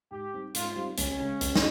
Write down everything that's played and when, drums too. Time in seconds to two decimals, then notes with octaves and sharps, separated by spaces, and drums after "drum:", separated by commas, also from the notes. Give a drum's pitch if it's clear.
0.11 G#2 G4
0.33 G3 C4 D#4
0.55 G#2 F4, drum: hi-hat
0.76 G3 C4 D#4
0.97 C#2 C#4, drum: hi-hat
1.20 C#3 G#3
1.41 C#2, drum: hi-hat
1.55 drum: snare